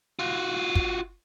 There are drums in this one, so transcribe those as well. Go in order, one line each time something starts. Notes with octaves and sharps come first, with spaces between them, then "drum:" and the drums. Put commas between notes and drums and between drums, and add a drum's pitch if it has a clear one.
F4 F#4
drum: kick